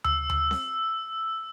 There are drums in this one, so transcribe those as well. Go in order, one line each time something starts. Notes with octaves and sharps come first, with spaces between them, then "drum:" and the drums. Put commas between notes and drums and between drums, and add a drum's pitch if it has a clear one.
E6, drum: tom D2
drum: tom D2
drum: snare C4